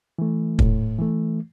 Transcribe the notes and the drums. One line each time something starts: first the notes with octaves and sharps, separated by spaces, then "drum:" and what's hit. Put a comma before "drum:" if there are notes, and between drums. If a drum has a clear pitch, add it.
E3 A3
A2, drum: kick
E3 A3